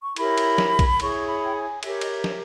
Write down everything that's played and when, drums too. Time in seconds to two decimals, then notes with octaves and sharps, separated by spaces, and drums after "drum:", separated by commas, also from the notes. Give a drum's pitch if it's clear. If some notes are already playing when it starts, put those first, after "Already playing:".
0.03 C#6
0.16 E4 G4 A#4 C#5 B5, drum: cymbal
0.38 drum: cymbal
0.58 drum: snare
0.79 drum: kick A#1, cymbal
1.00 E4 G#4 C#5 C#6, drum: cymbal
1.27 B5
1.45 G5
1.55 G#5
1.83 G4 A#4 C#5 E5, drum: cymbal
2.01 D#5, drum: cymbal
2.10 E5
2.24 drum: snare